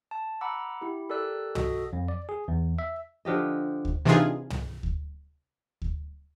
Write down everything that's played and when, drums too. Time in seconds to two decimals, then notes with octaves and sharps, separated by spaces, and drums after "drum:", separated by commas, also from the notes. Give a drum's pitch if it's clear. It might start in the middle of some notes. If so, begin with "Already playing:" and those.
0.11 A5
0.41 F#5 A#5 B5 D6 E6
0.81 E4 G4
1.09 G4 A4 A#4 D5 E6 F#6
1.55 F#4 A4 D#5 D#6, drum: tom
1.93 F2
2.08 D5
2.29 G#4
2.48 E2
2.79 E5
3.25 D3 F3 G4 D#5
3.85 drum: kick D2
4.05 C3 E3 D4 D#4 F4 G#4
4.50 drum: tom
4.83 drum: kick D2
5.82 drum: kick D2